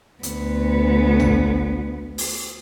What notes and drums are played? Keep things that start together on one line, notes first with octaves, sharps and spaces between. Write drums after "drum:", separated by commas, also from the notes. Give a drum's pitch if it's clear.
D2 B3, drum: hi-hat
drum: tom A#1
drum: open hi-hat